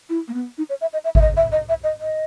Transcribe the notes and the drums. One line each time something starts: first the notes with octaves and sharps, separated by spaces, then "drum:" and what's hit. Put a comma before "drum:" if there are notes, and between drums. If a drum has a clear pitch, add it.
E4
A#3
B3
D#4
C#5
E5
D#5
E5
E5, drum: kick G#1
D#5
E5
D#5
E5
D#5
D#5